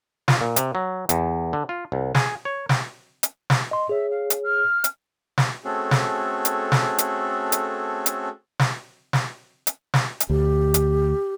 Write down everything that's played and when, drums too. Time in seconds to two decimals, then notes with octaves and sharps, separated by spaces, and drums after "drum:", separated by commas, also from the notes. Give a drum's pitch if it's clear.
0.28 F4, drum: snare
0.41 A#2
0.56 C3, drum: hi-hat
0.75 F#3
1.09 E2, drum: hi-hat
1.53 D3
1.69 F4
1.92 C2
2.15 G#4, drum: snare
2.45 C#5
2.69 G5, drum: snare
3.23 drum: hi-hat
3.50 drum: snare
3.71 D#5 C6
3.89 G#4 C#5 E5
4.10 F5
4.30 drum: hi-hat
4.43 F6
4.84 drum: hi-hat
5.38 drum: snare
5.65 A3 C4 C#4 F#4 G#4 A4
5.91 drum: snare
6.45 drum: hi-hat
6.72 drum: snare
6.98 drum: hi-hat
7.52 drum: hi-hat
8.06 drum: hi-hat
8.59 drum: snare
9.13 drum: snare
9.67 drum: hi-hat
9.94 drum: snare
10.20 drum: hi-hat
10.30 D2 G4
10.74 drum: hi-hat